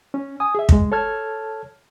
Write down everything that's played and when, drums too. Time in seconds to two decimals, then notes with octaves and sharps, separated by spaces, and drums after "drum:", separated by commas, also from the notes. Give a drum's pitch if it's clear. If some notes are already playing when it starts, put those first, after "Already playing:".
0.14 C#4
0.40 G#5 D#6
0.55 G#4 E5
0.69 C#2 G#3, drum: kick
0.92 A4 C#5 A5 F6 G#6